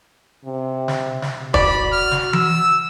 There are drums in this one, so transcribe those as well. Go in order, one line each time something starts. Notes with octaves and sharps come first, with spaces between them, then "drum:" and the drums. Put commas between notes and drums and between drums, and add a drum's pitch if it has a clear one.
C3
drum: snare
drum: snare
F#4 D5 B5, drum: kick
F6
drum: snare
E6, drum: tom E3